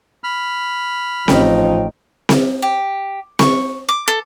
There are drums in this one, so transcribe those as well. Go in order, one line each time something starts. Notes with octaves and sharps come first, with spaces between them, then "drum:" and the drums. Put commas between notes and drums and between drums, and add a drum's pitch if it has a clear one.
B5 F6
A1 F3 C4 C#4 D#4 G5, drum: snare C4
drum: snare C4
G4
C#6, drum: snare C4
D6
A4